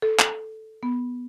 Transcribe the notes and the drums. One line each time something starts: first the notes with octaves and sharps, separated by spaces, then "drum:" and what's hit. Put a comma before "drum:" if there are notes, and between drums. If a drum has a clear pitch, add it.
A4
drum: clap
B3